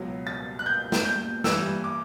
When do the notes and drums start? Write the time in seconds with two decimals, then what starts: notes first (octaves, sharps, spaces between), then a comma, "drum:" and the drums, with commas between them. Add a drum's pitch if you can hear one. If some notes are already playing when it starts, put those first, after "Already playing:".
Already playing: C#2 B2 F#3
0.27 A6
0.59 F#6
0.66 G6
0.92 drum: snare
1.05 G6
1.44 G2 E3 G3 E6, drum: snare
1.84 D6